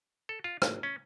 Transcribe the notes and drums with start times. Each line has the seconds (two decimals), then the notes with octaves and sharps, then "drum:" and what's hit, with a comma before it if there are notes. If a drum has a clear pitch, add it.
0.29 A4
0.44 F4
0.62 G#1, drum: rim click
0.83 C#4